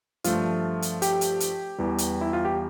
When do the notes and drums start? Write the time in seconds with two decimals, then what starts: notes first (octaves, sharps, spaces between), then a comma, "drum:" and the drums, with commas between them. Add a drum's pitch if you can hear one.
0.24 G2 F3 A3 F4, drum: hi-hat
0.82 drum: hi-hat
1.02 G4, drum: hi-hat
1.21 drum: hi-hat
1.40 drum: hi-hat
1.78 E2 E3 G3
1.98 drum: hi-hat
2.21 E4
2.33 F4
2.45 G4